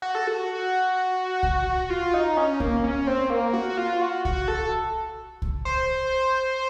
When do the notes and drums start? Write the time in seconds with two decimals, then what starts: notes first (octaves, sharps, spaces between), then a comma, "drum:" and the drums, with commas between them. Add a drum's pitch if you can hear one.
0.02 F#4
0.15 A4
0.27 F#4
1.43 drum: kick C2
1.90 F4
2.14 D#4
2.37 C#4
2.60 A#3, drum: kick C2
2.84 C#4
3.07 C4
3.30 A#3
3.54 F#4
3.77 F4
4.01 F#4
4.25 F#4, drum: kick C2
4.48 A4
5.42 drum: kick C2
5.65 C5